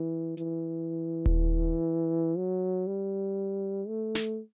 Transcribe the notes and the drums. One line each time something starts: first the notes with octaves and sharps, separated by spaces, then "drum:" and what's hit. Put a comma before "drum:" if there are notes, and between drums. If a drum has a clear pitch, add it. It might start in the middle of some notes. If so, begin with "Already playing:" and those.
Already playing: E3
E3, drum: hi-hat
drum: kick D#1
F#3
G3
A3
drum: snare